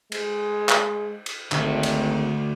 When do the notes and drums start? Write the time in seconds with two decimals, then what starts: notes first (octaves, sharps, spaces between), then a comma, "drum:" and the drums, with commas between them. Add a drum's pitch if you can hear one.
0.12 G#3, drum: cymbal
0.69 drum: clap
1.26 drum: cymbal
1.52 G#1 D3 A3, drum: clap
1.83 drum: cymbal